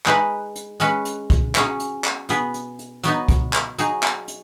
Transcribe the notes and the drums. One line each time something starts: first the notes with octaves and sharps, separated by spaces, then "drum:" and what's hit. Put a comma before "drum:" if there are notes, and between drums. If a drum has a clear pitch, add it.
G#3 D#4 G#4 B4, drum: clap
drum: hi-hat
G#3 C#4 B4, drum: hi-hat
drum: hi-hat
drum: kick, hi-hat
F#3 C#4 G#4, drum: clap
drum: hi-hat
drum: clap
B2 B3 G#4 B4, drum: hi-hat
drum: hi-hat
drum: hi-hat
F#3 B3 D#4, drum: hi-hat
drum: kick, hi-hat
drum: clap
F#3 D#4 G#4, drum: hi-hat
drum: clap
drum: hi-hat